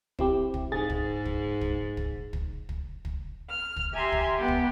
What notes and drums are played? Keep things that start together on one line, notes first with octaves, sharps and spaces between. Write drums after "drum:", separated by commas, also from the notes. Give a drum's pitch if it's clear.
C4 E4 G4, drum: kick
drum: kick
G#2 G#4 A6
drum: kick
drum: kick
drum: kick
drum: kick
drum: kick
drum: kick
drum: kick
F6
drum: kick
G4 E5 G#5 A#5 C6
drum: kick
B3 G4
drum: kick